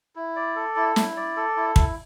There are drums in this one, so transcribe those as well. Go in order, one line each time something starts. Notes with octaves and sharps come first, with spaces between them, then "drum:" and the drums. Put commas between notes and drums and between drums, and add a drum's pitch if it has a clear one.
E4
D5
A4
E4
E4, drum: snare
D5
A4
E4
E4, drum: kick